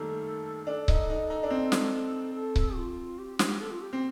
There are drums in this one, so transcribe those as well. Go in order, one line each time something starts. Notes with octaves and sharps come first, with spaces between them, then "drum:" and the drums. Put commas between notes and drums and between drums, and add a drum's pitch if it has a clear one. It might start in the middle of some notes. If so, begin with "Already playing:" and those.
Already playing: D#3 G3 A3 A#3 A4
D4 A4
D#4, drum: kick C#1
D#4
D#4
D4
C4
drum: snare
A4
drum: kick C#1
F4
G4
G4, drum: snare
A4
F4
G4
C4